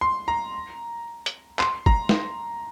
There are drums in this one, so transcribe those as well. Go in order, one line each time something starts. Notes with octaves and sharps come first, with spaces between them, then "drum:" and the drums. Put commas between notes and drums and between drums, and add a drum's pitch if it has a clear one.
C6
A#5
drum: hi-hat
C6, drum: clap
A#5, drum: kick
drum: snare